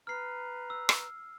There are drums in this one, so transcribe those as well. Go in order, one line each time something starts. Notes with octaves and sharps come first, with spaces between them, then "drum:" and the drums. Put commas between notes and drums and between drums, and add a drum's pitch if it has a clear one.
B4 A#5 F6 C7
E6
drum: rim click